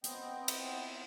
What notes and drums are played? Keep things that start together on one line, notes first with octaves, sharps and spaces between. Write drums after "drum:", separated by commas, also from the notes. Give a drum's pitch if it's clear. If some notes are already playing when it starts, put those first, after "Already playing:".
B3 C4 D#5 G5, drum: hi-hat
drum: cymbal